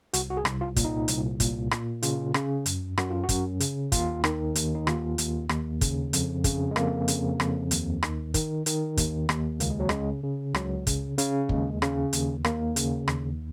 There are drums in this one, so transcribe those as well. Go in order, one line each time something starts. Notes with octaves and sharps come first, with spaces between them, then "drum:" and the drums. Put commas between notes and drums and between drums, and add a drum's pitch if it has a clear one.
C2 F#4, drum: hi-hat
F#4
G#4
C2, drum: rim click
F4
A#2, drum: kick, hi-hat
D#4
C2, drum: hi-hat
A#2, drum: kick, hi-hat
A#2, drum: rim click
C#3 F4, drum: hi-hat
C#3, drum: rim click
F#2, drum: hi-hat
F#2 F#4, drum: rim click
F4
F#4
F#2, drum: kick, hi-hat
C#3, drum: hi-hat
D#2 F4, drum: kick, hi-hat
D#3, drum: rim click
D#2, drum: hi-hat
D#4
D#2 F4, drum: rim click
D#2, drum: hi-hat
D#2, drum: rim click
C#3, drum: kick, hi-hat
F2, drum: hi-hat
C#3, drum: kick, hi-hat
G#3
F2 A#3, drum: rim click
C#3, drum: hi-hat
F2, drum: rim click
D#2, drum: hi-hat
D#3, drum: rim click
D#3, drum: kick, hi-hat
D#3, drum: hi-hat
D#2, drum: kick, hi-hat
D#2, drum: rim click
C#2 A#3, drum: hi-hat
G#3
F#3
C#3 G#3, drum: rim click
C#3
C#2 F#3, drum: rim click
C#3, drum: kick, hi-hat
C#3, drum: hi-hat
D#2 G#3, drum: kick
C#3, drum: rim click
D#2, drum: hi-hat
D#2 A#3, drum: rim click
C#3, drum: hi-hat
D#2, drum: rim click